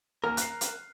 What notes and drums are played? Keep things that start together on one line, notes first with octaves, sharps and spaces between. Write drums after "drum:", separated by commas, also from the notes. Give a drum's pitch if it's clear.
D#2 A#3 A#4 F6
F#6 C7, drum: hi-hat
drum: hi-hat